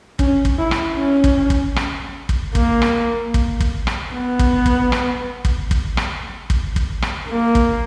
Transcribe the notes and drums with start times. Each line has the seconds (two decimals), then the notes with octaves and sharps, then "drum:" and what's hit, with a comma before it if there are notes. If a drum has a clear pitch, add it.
0.19 C#4, drum: kick
0.45 drum: kick
0.59 E4
0.71 drum: rim click
0.97 C#4
1.24 drum: kick
1.50 drum: kick
1.76 drum: rim click
2.29 drum: kick
2.55 A#3, drum: kick
2.82 drum: rim click
3.34 drum: kick
3.61 drum: kick
3.87 drum: rim click
4.13 B3
4.39 drum: kick
4.66 drum: kick
4.92 drum: rim click
5.45 drum: kick
5.71 drum: kick
5.97 drum: rim click
6.50 drum: kick
6.76 drum: kick
7.02 drum: rim click
7.29 A#3
7.55 drum: kick